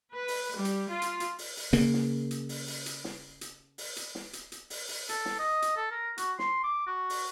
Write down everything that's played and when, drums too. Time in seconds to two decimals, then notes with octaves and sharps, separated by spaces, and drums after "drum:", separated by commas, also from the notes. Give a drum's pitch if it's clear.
0.11 B4
0.28 drum: open hi-hat
0.54 G3
0.65 drum: hi-hat
0.89 F4
1.02 drum: hi-hat
1.20 drum: hi-hat
1.38 drum: open hi-hat
1.57 drum: open hi-hat
1.73 C#3 A#3, drum: hi-hat
1.94 drum: snare
2.31 drum: hi-hat
2.49 drum: open hi-hat
2.67 drum: open hi-hat
2.86 drum: hi-hat
3.04 drum: snare
3.41 drum: hi-hat
3.78 drum: open hi-hat
3.96 drum: hi-hat
4.15 drum: snare
4.33 drum: hi-hat
4.52 drum: hi-hat
4.70 drum: open hi-hat
4.89 drum: open hi-hat
5.09 A4, drum: hi-hat
5.25 drum: snare
5.39 D#5
5.62 drum: hi-hat
5.77 A4
5.91 A#4
6.18 F#4, drum: hi-hat
6.39 C6, drum: snare
6.63 D6
6.87 F#4
7.10 drum: open hi-hat